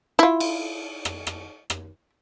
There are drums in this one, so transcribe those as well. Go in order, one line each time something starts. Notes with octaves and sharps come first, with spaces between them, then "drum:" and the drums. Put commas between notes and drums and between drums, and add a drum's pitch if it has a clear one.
E4 F4
drum: cymbal
drum: rim click
drum: rim click
drum: rim click